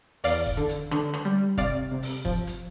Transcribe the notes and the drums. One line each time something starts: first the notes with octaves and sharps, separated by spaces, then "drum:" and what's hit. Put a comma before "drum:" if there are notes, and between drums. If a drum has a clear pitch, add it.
E2 D5 F5, drum: open hi-hat
drum: kick F#1
D3
drum: hi-hat
D3, drum: rim click
drum: rim click
G3
C3 D5 F5, drum: kick F#1, hi-hat
C3
drum: open hi-hat
F3, drum: kick F#1
drum: hi-hat